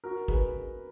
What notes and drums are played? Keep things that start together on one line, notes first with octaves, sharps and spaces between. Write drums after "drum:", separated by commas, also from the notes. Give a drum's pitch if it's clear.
F#4 A#4
G#4 B4, drum: kick